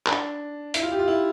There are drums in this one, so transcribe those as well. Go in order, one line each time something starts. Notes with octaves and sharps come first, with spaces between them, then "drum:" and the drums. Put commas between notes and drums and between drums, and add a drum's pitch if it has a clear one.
D4, drum: clap
E4, drum: hi-hat
F4
G4
F4
E4